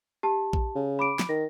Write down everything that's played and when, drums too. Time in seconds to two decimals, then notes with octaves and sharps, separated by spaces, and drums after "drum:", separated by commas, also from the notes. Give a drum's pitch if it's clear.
0.23 G4 A5
0.53 drum: kick A#1
0.75 C#3
0.99 B5 D6 D7
1.19 drum: snare
1.29 D#3 A#6